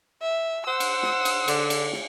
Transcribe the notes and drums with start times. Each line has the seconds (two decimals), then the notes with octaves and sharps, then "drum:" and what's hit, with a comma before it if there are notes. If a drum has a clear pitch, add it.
0.22 E5
0.67 C5 F#5 E6
0.80 drum: cymbal
1.03 drum: snare
1.25 drum: cymbal
1.48 D3, drum: cymbal
1.70 drum: cymbal
1.93 drum: snare